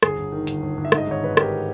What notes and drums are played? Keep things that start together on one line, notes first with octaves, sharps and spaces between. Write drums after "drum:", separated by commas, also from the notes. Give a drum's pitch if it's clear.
G1 G#4, drum: rim click
G1
D#3
G1, drum: hi-hat
G1
G1
E5
G#2, drum: rim click
D#5
G#1 C#5
G#2 B4
G#1 G4 A#4, drum: rim click